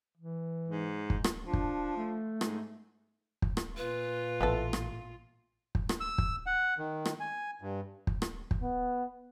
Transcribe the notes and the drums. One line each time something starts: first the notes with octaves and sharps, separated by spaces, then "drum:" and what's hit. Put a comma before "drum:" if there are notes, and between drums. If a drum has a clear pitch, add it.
E3
G#2
drum: kick
drum: rim click
F3 D4
drum: kick
A3
G#2, drum: rim click
drum: kick
drum: rim click
A#2 F4 B4
A1 B3 E4 A4
drum: rim click
drum: kick
drum: rim click
E6
drum: kick
F#5
D#3
drum: rim click
G#5
G2
drum: kick
drum: rim click
drum: kick
B3